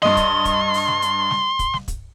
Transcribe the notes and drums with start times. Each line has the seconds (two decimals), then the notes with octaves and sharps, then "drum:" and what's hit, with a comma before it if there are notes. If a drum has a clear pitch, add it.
0.02 G2 D#5 C6, drum: snare
0.17 drum: kick, hi-hat
0.45 drum: kick, hi-hat
0.74 drum: open hi-hat
0.88 drum: snare
1.02 drum: hi-hat
1.31 drum: snare
1.59 drum: kick, hi-hat
1.73 drum: snare
1.88 drum: kick, hi-hat